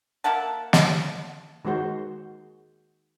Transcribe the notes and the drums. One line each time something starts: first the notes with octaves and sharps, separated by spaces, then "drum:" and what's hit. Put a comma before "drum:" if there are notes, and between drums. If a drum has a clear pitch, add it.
A#3 E5 F#5 A5
drum: snare
D#3 G#3 F#4 C5